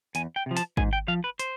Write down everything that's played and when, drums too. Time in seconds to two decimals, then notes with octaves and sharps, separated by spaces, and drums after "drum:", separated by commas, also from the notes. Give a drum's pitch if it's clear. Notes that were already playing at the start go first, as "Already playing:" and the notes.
0.15 E2 G#5, drum: hi-hat
0.36 G5
0.46 C3 F3
0.57 A5, drum: hi-hat
0.77 G#2 G#5, drum: kick G#1
0.93 G5
1.08 F3 F5
1.24 B4
1.39 C5, drum: hi-hat